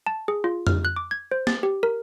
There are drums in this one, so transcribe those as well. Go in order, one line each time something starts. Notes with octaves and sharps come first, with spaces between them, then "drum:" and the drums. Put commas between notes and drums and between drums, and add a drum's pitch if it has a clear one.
A5
G#4
F4
F6, drum: tom F2
F#6
D6
G#6
C5
A6, drum: snare
G4
A#4